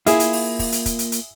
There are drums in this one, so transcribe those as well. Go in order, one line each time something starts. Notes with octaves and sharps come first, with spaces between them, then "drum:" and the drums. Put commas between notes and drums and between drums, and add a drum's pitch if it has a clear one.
A#3 E4 F4 G#4, drum: hi-hat
drum: hi-hat
drum: open hi-hat
drum: kick, open hi-hat
drum: hi-hat
drum: kick, hi-hat
drum: hi-hat
drum: hi-hat